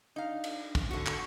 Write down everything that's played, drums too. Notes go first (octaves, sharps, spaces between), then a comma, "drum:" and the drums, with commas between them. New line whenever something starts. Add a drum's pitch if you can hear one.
D4 D#4 F5
drum: cymbal
drum: kick, cymbal
D3 F#4 C#6
drum: clap